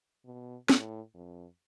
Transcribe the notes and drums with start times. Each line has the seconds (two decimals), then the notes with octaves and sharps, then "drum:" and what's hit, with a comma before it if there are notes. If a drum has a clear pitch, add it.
0.25 B2
0.69 A2, drum: snare
1.14 F2